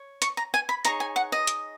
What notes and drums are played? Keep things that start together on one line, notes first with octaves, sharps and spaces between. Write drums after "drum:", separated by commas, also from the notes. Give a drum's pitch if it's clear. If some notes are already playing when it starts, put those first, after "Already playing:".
Already playing: C#5
C#6, drum: hi-hat
A#5
G#5
B5
D#4 G#4 C#5 A#5, drum: hi-hat
G#5
F#5
D#5
drum: hi-hat